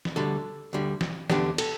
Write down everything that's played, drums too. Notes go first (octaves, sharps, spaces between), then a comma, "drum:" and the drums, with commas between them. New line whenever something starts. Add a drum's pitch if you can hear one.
drum: snare
D2 D3 G3 A4
D2 D3 G3
drum: snare
E2 D3 B3 D4 G4, drum: snare
A4, drum: cymbal